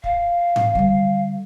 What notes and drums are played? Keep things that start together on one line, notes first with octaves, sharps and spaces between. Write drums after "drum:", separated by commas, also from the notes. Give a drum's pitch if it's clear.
F5, drum: kick
drum: tom G#2
D3 G3